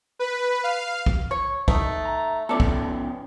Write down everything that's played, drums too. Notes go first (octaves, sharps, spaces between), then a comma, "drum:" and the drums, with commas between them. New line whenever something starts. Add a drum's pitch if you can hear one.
B4
F5
drum: kick B1
C#5
A3 D#4, drum: kick B1
A#5
B3 C#4 F4 A4 D5
drum: kick B1